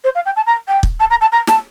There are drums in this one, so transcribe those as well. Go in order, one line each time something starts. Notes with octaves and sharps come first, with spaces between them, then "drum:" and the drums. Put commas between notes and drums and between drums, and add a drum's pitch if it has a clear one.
C5
F5
G5
A5
A#5
G5
drum: kick
A5
A#5
A5
A#5
A5, drum: snare